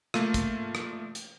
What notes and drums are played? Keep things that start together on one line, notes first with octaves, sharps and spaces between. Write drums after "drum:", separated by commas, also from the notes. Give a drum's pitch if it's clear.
A3 A#3 F4, drum: rim click
drum: kick, hi-hat
drum: rim click
drum: hi-hat